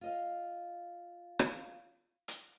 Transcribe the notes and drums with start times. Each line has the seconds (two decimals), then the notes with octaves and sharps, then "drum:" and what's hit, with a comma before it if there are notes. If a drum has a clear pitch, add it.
0.01 F4 D#5 F5
1.39 drum: rim click
2.28 drum: hi-hat